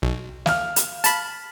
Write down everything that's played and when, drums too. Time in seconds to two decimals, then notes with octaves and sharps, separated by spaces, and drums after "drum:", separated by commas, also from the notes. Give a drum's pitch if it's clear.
0.02 B1
0.46 F5 F6, drum: snare
0.76 drum: hi-hat
1.04 A5 B5, drum: hi-hat